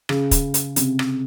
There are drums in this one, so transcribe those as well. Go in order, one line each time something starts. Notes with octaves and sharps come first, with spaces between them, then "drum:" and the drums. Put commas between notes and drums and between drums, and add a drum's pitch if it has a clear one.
C#3, drum: rim click
drum: kick, hi-hat
drum: hi-hat
C3, drum: hi-hat
drum: rim click